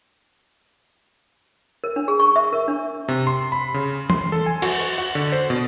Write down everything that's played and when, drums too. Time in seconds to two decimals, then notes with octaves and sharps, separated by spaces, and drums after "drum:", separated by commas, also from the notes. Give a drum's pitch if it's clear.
1.84 A#4
1.96 D4
2.08 G#4
2.20 C#6
2.36 E5
2.53 A#4
2.68 D4
3.08 C3
3.27 C6
3.52 B5
3.74 C#3
4.10 C6, drum: tom E3
4.32 A4
4.46 G#5
4.62 F#4, drum: cymbal
4.98 F#4
5.15 D3
5.32 C5
5.50 B2